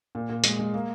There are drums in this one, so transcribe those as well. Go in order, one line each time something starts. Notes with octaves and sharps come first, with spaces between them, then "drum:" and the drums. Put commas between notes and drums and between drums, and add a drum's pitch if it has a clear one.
A#2
A#2
G#3, drum: hi-hat
G#3
A#3